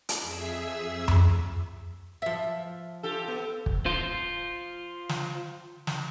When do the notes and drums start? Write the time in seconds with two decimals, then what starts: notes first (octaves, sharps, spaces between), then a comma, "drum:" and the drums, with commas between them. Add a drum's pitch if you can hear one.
0.09 drum: hi-hat
0.21 F2 G#4 E5 E6
1.08 drum: tom F2
2.22 F3 E5
3.03 F4 G4 A4
3.28 B3
3.66 drum: kick
3.86 F4 C5
5.09 drum: snare
5.87 drum: snare